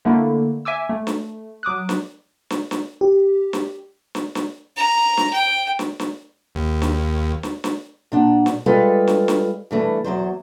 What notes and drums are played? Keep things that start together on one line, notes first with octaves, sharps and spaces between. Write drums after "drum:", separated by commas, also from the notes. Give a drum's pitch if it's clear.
D3 A3 A#3 E4
E5 G#5 D6 E6
A3
drum: snare
F#3 D6 D#6 F#6
drum: snare
drum: snare
drum: snare
G4
drum: snare
drum: snare
drum: snare
A#5
drum: snare
G5
drum: snare
drum: snare
D#2
drum: snare
drum: snare
drum: snare
A#2 D4 F#5
drum: snare
G3 G#3 F4 A4 B4 F5
drum: snare
drum: snare
G2 E3 A3
E2 A#2 F#3 C5